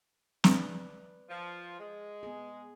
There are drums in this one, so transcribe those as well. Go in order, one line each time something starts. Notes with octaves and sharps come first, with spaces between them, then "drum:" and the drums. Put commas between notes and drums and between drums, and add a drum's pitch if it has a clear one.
B4 D5, drum: snare
F3
G#3
B3 G#4